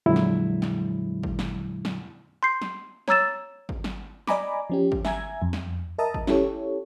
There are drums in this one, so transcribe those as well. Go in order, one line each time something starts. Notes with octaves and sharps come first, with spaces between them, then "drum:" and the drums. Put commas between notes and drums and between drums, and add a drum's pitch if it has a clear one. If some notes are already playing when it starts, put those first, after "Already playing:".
F2 A#2 D3 F#3 G#3 E4
drum: snare
drum: snare
drum: kick G#1
drum: snare
drum: snare
C6 G6 C7
drum: snare
C#5 A#5 D6 E6 A6 E7, drum: snare
drum: kick G#1
drum: snare
D5 D#5 G#5 A#5 B5 D6, drum: snare
F3 C#4 G4
drum: kick G#1
E5 G#5 A#5 G#6, drum: snare
F2
drum: snare
A#4 D#5 E5 A5 A#5 D#6
drum: kick G#1
C#4 E4 G4 A4 C#5, drum: snare